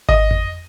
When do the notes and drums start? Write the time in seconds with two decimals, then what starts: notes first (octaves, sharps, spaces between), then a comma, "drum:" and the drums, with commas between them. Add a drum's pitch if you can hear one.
0.09 D#5, drum: kick G#1
0.31 drum: tom F2